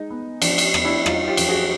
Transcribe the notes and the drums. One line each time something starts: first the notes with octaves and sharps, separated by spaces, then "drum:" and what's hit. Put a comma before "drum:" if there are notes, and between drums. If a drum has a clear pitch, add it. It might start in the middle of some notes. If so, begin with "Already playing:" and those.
Already playing: G#3 D#4
B3
F3 D4, drum: cymbal
drum: cymbal
B3, drum: rim click
D4 E4
F#3 D#4 F4, drum: rim click
F4 G4
F2, drum: cymbal
F#4 G#4